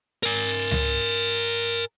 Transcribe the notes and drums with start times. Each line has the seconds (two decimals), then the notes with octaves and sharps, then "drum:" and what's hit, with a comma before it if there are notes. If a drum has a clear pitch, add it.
0.23 A#4 G#5
0.71 drum: tom C#2